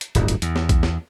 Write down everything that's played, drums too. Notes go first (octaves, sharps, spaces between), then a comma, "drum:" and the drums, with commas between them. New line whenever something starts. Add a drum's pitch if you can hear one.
drum: hi-hat
D1 G1, drum: hi-hat
drum: hi-hat
E2, drum: hi-hat
drum: snare
drum: kick A#1, hi-hat
drum: snare